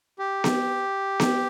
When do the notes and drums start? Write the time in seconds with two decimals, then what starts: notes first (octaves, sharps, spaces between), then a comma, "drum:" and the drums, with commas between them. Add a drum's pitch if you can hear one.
0.19 G4
0.44 drum: snare B3
1.20 drum: snare B3